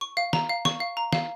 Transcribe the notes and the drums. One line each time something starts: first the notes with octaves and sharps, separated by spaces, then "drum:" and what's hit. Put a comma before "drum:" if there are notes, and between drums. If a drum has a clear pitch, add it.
C#6
F5
A#5, drum: snare
F5
C#6, drum: snare
F5
A#5
F5, drum: snare